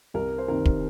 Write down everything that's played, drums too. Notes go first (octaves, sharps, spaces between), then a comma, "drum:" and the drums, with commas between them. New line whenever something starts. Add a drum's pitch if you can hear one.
C2 A#4
C5
C3 D#3 A#4
drum: kick